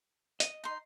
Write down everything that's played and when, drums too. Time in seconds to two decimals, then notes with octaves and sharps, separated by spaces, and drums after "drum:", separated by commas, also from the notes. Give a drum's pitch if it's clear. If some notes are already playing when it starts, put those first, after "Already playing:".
0.40 D#5, drum: hi-hat
0.64 D#4 C6